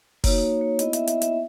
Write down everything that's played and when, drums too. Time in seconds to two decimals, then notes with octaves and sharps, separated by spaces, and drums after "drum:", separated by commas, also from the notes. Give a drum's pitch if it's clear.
0.24 A#3 D#4 F#4 C#5, drum: kick F#1, open hi-hat
0.43 C#5
0.61 C#5
0.79 B3 E4 D#5, drum: hi-hat
0.93 E5, drum: hi-hat
1.07 E5, drum: hi-hat
1.22 E5, drum: hi-hat